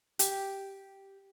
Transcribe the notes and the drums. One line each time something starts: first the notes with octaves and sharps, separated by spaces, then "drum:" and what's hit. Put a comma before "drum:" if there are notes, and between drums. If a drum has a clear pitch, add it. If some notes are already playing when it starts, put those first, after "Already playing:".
G4, drum: hi-hat